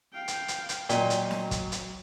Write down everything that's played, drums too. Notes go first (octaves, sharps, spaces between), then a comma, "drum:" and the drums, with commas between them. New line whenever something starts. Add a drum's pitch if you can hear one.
F5 G5
drum: hi-hat
drum: hi-hat
drum: hi-hat
A#2 F#3 D#5 G5, drum: hi-hat
drum: hi-hat
drum: snare
drum: kick, hi-hat
drum: hi-hat